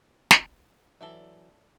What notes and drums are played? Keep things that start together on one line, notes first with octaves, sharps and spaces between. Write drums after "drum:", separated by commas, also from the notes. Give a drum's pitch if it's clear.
drum: snare
E3 F#3 A4 D5 E5